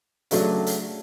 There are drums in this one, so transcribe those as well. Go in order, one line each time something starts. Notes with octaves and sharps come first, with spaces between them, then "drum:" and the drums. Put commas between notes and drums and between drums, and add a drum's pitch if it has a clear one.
C#3 F#3 A3 D4 F#4, drum: hi-hat
drum: hi-hat